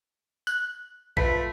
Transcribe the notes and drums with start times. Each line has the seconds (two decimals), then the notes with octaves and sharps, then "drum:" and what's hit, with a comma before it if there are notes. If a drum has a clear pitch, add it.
0.47 F#6, drum: tambourine
1.17 F3 A3 B4 B6, drum: kick A#1